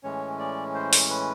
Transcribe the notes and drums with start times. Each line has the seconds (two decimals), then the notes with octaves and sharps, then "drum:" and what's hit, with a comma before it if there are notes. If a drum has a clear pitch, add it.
0.03 A2 E3 G#3 C#4 C#5
0.39 D5
0.75 C5
0.93 drum: open hi-hat
1.10 B4